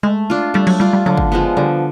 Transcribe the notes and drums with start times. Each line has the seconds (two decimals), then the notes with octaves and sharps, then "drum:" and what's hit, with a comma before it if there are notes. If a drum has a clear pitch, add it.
0.03 G#3 A3
0.30 D4 F4
0.54 G3 A3
0.67 F#3, drum: cymbal
0.80 G3 D4 F4
0.93 G3
1.06 D3 F#3
1.17 drum: kick
1.32 F3 G#3 B3
1.57 D3 G3